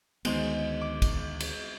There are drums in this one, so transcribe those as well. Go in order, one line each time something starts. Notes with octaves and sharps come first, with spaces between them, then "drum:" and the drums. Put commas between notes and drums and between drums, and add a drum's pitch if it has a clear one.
D2 D#3 G#3 B3 D#4 C5, drum: cymbal
D6
drum: kick, cymbal
drum: cymbal